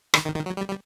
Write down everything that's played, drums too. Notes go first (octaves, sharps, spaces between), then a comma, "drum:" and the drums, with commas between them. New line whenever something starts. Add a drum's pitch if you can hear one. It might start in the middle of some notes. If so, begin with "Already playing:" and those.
D#3, drum: rim click
D#3
D#3
F#3
G3
G3